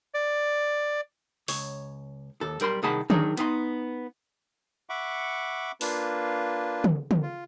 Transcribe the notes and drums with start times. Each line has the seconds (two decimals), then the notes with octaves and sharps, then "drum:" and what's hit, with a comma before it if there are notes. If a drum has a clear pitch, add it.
0.14 D5
1.48 C#2 C#5, drum: open hi-hat
2.41 D#2 A4
2.60 B1 G3 A#4 B5 C6, drum: hi-hat
2.83 C2 D#3 G#4 F#5 A5 B5
3.10 D#3 F#3 D4 D#4 G#4 A#4, drum: tom
3.37 B3 D#4 F5 C6, drum: hi-hat
4.89 E5 F#5 B5 C#6 D6
5.81 A#3 D4 F4 B4, drum: open hi-hat
6.84 drum: tom
7.11 drum: tom
7.23 F4